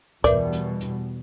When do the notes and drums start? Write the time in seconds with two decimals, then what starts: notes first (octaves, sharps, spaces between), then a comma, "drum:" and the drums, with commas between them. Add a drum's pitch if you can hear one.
0.24 E2 B2 G3 A#4 B4 D5 E5, drum: kick C#2, hi-hat
0.52 drum: hi-hat
0.80 drum: hi-hat